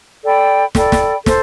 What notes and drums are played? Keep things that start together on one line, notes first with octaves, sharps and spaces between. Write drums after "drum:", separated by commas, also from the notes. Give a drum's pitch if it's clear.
A4 D5 G5 B5
A4 D5 G5 B5, drum: snare
drum: snare
A4 C5, drum: snare